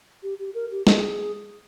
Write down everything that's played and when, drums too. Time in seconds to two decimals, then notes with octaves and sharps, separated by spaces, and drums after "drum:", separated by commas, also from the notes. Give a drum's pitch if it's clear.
0.23 G4
0.39 G4
0.54 A#4
0.71 G4
0.87 G#4, drum: snare